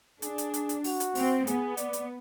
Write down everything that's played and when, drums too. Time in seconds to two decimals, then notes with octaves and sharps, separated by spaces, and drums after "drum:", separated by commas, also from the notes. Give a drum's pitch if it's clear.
0.22 D4 G#4, drum: hi-hat
0.38 drum: hi-hat
0.54 drum: hi-hat
0.69 drum: hi-hat
0.84 F#4, drum: open hi-hat
1.00 drum: hi-hat
1.15 C4, drum: open hi-hat
1.47 B3 G#4, drum: hi-hat
1.77 D5, drum: hi-hat
1.93 drum: hi-hat